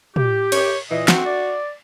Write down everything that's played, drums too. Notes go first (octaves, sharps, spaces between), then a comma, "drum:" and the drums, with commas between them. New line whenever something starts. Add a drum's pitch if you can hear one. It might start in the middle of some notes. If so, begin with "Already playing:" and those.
G4, drum: tom
C#5, drum: cymbal
A#2 E3 D#5
C4 F#4, drum: snare
D5